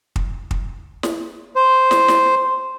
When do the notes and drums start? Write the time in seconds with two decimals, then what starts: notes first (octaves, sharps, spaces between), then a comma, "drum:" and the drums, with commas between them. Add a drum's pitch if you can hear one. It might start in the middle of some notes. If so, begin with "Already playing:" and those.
0.16 drum: kick
0.51 drum: kick
1.03 drum: snare
1.56 C5
1.91 drum: snare
2.08 drum: snare